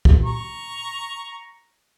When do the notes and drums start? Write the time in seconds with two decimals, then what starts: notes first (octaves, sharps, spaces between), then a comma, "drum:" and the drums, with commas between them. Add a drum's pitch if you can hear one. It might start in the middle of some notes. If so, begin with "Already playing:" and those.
0.05 drum: kick
0.25 A#5 C#6